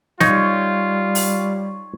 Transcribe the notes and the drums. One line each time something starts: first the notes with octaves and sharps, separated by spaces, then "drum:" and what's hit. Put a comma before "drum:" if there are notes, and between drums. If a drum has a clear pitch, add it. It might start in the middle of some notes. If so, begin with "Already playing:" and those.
G3 D#4 F4 C#5, drum: snare
drum: open hi-hat